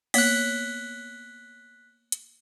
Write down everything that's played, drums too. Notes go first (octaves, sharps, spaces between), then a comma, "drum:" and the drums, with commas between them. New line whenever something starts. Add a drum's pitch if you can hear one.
A#3 B3 C#5 F#6 B6, drum: cymbal
drum: hi-hat